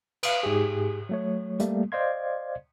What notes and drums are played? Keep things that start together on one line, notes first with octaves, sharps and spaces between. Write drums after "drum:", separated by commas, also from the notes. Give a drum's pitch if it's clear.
B4 F5, drum: cymbal
G#2 G4 G#4
F#3 A3 C#5
G3 A3 A#3, drum: hi-hat
C5 D5 D#5 F5 C6 G#6